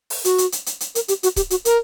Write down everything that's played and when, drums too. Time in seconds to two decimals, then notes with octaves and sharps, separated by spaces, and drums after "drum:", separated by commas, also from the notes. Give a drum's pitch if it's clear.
0.10 drum: open hi-hat
0.25 F#4, drum: hi-hat
0.38 drum: hi-hat
0.52 drum: hi-hat
0.66 drum: hi-hat
0.80 drum: hi-hat
0.95 A#4, drum: hi-hat
1.08 G4, drum: hi-hat
1.23 F#4, drum: hi-hat
1.36 G4, drum: kick C#1, hi-hat
1.50 F#4, drum: hi-hat
1.65 A#4, drum: hi-hat